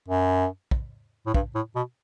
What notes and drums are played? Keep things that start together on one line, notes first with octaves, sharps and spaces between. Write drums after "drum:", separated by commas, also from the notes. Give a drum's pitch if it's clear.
F#2
drum: kick
A2
G2, drum: kick
A2
B2